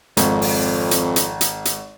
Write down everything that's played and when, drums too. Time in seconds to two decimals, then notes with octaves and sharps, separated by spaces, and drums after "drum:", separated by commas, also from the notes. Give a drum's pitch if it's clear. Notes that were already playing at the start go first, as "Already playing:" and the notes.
0.17 G#1 F2, drum: hi-hat
0.42 drum: open hi-hat
0.91 drum: hi-hat
1.16 drum: hi-hat
1.41 drum: hi-hat
1.65 drum: hi-hat